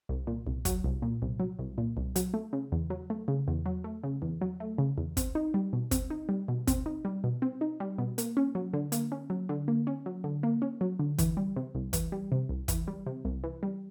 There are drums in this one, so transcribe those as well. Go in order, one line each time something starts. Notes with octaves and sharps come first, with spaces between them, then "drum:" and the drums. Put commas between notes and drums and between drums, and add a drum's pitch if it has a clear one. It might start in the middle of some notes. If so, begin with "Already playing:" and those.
C2
A#2
C2
F#3, drum: kick, hi-hat
C2
A#2
C2
F#3
C2
A#2
C2
F#3, drum: hi-hat
A3
C#3
E2
F#3
A3
C#3
E2
F#3
A3
C#3
E2
F#3
A3
C#3
E2
C4, drum: kick, hi-hat
D#4
G3
B2
C4, drum: kick, hi-hat
D#4
G3
B2
C4, drum: kick, hi-hat
D#4
G3
B2
C4
D#4
G3
B2
A#3, drum: hi-hat
C#4
F#3
D3
A#3, drum: hi-hat
C#4
F#3
D3
A#3
C#4
F#3
D3
A#3
C#4
F#3
D3
E3, drum: kick, hi-hat
G3
C3
C2
E3, drum: kick, hi-hat
G3
C3
C2
E3, drum: kick, hi-hat
G3
C3
C2
E3
G3